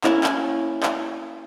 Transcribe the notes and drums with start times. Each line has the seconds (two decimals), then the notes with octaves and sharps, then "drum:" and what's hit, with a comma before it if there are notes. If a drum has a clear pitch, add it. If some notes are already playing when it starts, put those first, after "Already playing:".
0.04 A#3 C#4 E4, drum: clap
0.24 drum: clap
0.83 drum: clap